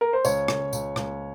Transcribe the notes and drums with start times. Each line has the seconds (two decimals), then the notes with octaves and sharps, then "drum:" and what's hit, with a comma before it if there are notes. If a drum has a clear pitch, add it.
0.01 A#4
0.13 C5
0.25 C#2 C#5, drum: tambourine
0.48 C#2, drum: rim click
0.73 C#2, drum: tambourine
0.96 C#2, drum: rim click